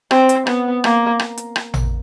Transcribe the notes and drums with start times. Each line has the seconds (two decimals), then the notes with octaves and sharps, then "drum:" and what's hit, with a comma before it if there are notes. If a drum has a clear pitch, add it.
0.11 C4, drum: rim click
0.29 drum: hi-hat
0.47 B3, drum: rim click
0.84 A#3, drum: rim click
1.19 drum: rim click
1.38 drum: hi-hat
1.56 drum: rim click
1.74 drum: tom A1